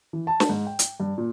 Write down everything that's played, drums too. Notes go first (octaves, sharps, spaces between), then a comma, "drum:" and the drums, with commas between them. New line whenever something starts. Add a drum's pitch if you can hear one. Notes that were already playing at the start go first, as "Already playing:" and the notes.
E3
A5
drum: snare
G#2
G5
drum: hi-hat
G2
A#2